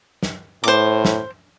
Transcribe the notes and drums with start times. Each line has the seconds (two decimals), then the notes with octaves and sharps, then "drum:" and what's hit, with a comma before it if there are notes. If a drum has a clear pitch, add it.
0.23 drum: snare
0.64 A2 C5 D6
1.05 drum: snare